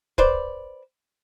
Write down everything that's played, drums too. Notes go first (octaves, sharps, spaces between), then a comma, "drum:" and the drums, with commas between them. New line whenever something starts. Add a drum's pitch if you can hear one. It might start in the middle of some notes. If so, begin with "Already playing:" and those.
B4 C5 D5, drum: kick